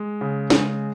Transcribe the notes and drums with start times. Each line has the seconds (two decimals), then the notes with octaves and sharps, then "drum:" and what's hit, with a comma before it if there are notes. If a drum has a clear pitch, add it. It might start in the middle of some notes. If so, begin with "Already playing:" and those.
Already playing: G#3
0.21 C#3
0.50 G#3, drum: snare